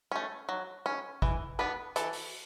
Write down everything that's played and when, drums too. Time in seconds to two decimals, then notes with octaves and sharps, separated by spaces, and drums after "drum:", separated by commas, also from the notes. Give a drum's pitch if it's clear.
0.12 A3 C#4
0.49 F#3
0.86 C#4
1.22 E3, drum: kick
1.59 B3 D4 B4
1.96 E3 A4, drum: hi-hat
2.13 drum: open hi-hat